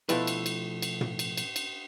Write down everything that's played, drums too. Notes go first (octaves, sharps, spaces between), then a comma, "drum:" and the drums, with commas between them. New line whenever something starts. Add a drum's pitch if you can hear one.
B2 F3 A3 E4 B4, drum: cymbal
drum: cymbal
drum: cymbal
drum: cymbal
drum: tom
drum: cymbal
drum: cymbal
drum: cymbal